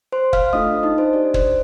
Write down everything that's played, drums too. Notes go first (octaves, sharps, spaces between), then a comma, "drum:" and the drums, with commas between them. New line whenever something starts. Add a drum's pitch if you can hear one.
C5 C6
F5 F6, drum: kick
A3 D4 F4 A4 D#5 D#6
D#4 D#5
C5
D4 G4 D5
C5, drum: kick